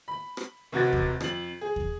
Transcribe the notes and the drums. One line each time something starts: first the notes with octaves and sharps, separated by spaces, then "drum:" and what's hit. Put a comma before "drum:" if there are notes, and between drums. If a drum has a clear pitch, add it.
B5
drum: rim click
F1 C3 F#4 G#6 A6
drum: kick D#2
F2 F#7, drum: rim click
G#4
drum: kick D#2